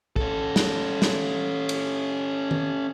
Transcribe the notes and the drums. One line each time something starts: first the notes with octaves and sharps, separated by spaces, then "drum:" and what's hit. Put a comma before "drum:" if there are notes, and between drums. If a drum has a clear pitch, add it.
C#4 A4, drum: kick
drum: snare
drum: snare
drum: cymbal
drum: tom D#3